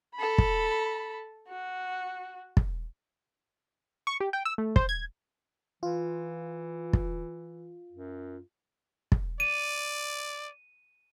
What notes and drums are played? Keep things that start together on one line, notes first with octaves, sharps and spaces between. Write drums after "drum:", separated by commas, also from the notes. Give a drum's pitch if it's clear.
A4 B5
drum: kick
F#4
drum: kick
C#6
G4
G5
E6
A3
C5, drum: kick
G#6
E3 F4
drum: kick
F#2
drum: kick
D5 D#7